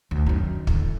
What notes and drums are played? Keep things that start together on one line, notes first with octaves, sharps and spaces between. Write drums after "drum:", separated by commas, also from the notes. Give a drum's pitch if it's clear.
D2
F#2 D#3
E2 D3, drum: kick